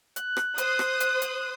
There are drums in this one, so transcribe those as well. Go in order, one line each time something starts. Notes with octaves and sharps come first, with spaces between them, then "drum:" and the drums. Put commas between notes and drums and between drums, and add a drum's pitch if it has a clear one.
F#6, drum: hi-hat
drum: rim click
C5 D#6, drum: hi-hat
drum: rim click
drum: hi-hat
drum: hi-hat